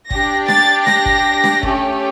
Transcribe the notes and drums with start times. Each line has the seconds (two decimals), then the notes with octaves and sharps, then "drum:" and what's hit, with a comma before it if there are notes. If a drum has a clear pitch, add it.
0.11 D4 G4 A#6, drum: kick
0.48 A6, drum: snare
0.87 A#6, drum: snare
1.06 drum: kick
1.44 drum: snare
1.63 A3 C#4 G4, drum: kick